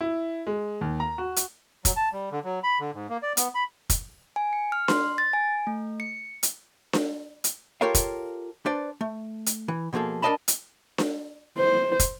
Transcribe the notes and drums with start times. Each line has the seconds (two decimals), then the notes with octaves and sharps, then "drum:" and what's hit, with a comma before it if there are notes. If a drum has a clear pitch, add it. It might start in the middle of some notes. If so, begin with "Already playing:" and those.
0.01 E4
0.47 G#3
0.81 D#2
1.00 A#5
1.18 F#4
1.36 drum: hi-hat
1.85 F#3, drum: kick, hi-hat
1.96 A5
2.12 G3
2.32 D3
2.44 F#3
2.63 B5
2.80 D3
2.94 G#2
3.09 A#3
3.23 D5
3.37 B3, drum: hi-hat
3.55 B5
3.90 drum: kick, hi-hat
4.36 G#5
4.53 C#7
4.72 F6
4.88 C6, drum: snare D4
5.18 A6
5.33 G#5
5.67 A3
6.00 C#7
6.43 drum: hi-hat
6.93 drum: snare D4
7.44 drum: hi-hat
7.81 F4 G4 A4 A#4 C#5 F5
7.95 drum: kick, hi-hat
8.66 D4 B4 C5 D5
9.01 A3
9.46 drum: hi-hat
9.68 E3
9.93 B2 F3 A#3 G#4 A4
10.22 D4 A#4 D5 D#5 A5 B5
10.48 drum: hi-hat
10.98 drum: snare D4
11.58 C5
12.00 drum: kick, hi-hat